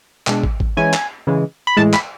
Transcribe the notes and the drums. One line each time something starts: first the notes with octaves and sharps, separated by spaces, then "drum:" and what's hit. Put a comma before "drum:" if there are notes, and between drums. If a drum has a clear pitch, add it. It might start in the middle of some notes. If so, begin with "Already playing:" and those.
B2 G#3 D4, drum: clap
drum: kick
drum: kick
E3 G#3 C#4 E4 G#5
drum: clap
C#3 E3 G#3
B5
A2 E3 G#3 A5
B5, drum: clap